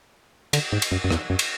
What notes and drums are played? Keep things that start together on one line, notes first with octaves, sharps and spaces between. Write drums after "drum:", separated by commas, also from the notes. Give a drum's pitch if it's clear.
D3, drum: cymbal
G#2
drum: cymbal
F#2
F#2
E2, drum: rim click
F#2
drum: cymbal